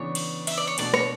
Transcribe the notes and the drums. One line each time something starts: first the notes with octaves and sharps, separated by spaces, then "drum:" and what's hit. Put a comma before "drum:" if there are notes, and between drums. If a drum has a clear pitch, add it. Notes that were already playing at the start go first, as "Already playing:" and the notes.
Already playing: C#3 E3 B3 D4 C#5
drum: cymbal
E5, drum: cymbal
D5
C#5
B2 A3 D4 D5, drum: cymbal
C#5, drum: rim click